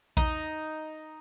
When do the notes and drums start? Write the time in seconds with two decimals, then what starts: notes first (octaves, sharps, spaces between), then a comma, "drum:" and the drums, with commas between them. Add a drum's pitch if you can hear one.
0.17 D#4, drum: kick A#1